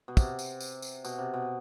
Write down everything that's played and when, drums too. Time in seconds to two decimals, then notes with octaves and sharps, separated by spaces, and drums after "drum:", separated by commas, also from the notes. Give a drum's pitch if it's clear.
0.08 B2
0.17 C3, drum: kick, tambourine
0.39 drum: tambourine
0.61 drum: tambourine
0.82 drum: tambourine
1.05 B2, drum: tambourine
1.19 C3
1.34 B2